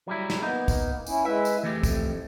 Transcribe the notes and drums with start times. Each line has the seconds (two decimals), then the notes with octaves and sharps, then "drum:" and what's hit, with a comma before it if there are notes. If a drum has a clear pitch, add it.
0.08 F#3 G3 E4
0.30 drum: snare
0.42 A#3 B3 D#4
0.68 drum: kick, tambourine
1.07 C#4 E4, drum: tambourine
1.25 G#3 E4 B4 E5
1.45 drum: tambourine
1.63 F2 E3 A3 G4
1.83 drum: kick, tambourine